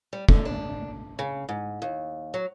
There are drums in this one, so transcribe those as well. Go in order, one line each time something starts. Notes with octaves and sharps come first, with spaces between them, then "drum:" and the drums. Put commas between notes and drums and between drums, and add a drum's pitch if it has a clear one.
G3
D3, drum: kick
D4
C#3
G#2
D#2
F#3